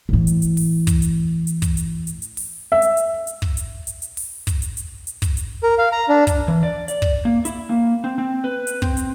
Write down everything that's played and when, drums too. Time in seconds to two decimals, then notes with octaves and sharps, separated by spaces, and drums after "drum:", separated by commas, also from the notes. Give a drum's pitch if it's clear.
0.09 A2 E3
0.27 drum: hi-hat
0.42 drum: hi-hat
0.57 drum: open hi-hat
0.87 drum: kick, hi-hat
1.02 drum: hi-hat
1.47 drum: hi-hat
1.62 drum: kick, hi-hat
1.77 drum: hi-hat
2.07 drum: hi-hat
2.22 drum: hi-hat
2.37 drum: open hi-hat
2.72 E5
2.82 drum: hi-hat
2.97 drum: hi-hat
3.27 drum: hi-hat
3.42 drum: kick
3.57 drum: hi-hat
3.87 drum: hi-hat
4.02 drum: hi-hat
4.17 drum: open hi-hat
4.47 drum: kick, hi-hat
4.62 drum: hi-hat
4.77 drum: hi-hat
5.07 drum: hi-hat
5.22 drum: kick, hi-hat
5.37 drum: hi-hat
5.63 A#4
5.78 F5
5.92 A#5
6.09 D4
6.27 drum: kick, hi-hat
6.48 E3
6.63 D5
6.88 D5, drum: hi-hat
7.02 drum: kick
7.25 A#3
7.45 E4, drum: hi-hat
7.69 A#3
8.04 C4
8.18 C4
8.44 B4
8.67 drum: hi-hat
8.82 C4, drum: kick
8.97 drum: hi-hat